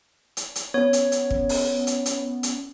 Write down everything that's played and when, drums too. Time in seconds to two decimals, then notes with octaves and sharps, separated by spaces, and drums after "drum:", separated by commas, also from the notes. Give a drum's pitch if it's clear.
0.37 drum: hi-hat
0.56 drum: hi-hat
0.74 B3 C#4 C#5
0.93 drum: hi-hat
1.12 drum: hi-hat
1.31 drum: kick
1.49 drum: open hi-hat
1.87 drum: hi-hat
2.06 drum: hi-hat
2.43 drum: hi-hat